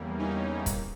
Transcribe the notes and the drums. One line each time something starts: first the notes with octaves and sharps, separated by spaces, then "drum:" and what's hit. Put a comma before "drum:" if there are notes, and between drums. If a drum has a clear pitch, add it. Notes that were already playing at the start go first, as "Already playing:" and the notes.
Already playing: E2 C#3 E3 G3 A#3
C#4 D#4
drum: kick C#1, hi-hat